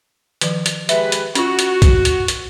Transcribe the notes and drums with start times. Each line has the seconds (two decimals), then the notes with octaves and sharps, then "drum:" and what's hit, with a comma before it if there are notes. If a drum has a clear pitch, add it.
0.41 D#3 F3, drum: hi-hat
0.66 drum: hi-hat
0.89 G#3 G4 B4 E5, drum: hi-hat
1.12 drum: hi-hat
1.35 C#4 F4 F#4, drum: hi-hat
1.59 drum: hi-hat
1.82 drum: kick, hi-hat
2.05 drum: hi-hat
2.28 drum: hi-hat